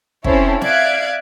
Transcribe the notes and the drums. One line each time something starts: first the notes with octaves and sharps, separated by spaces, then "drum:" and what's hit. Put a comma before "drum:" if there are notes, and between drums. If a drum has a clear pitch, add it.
C4 C#4 E4 A4 C5 C#5, drum: kick
D5 E5 F5 F#6 G#6 D7, drum: snare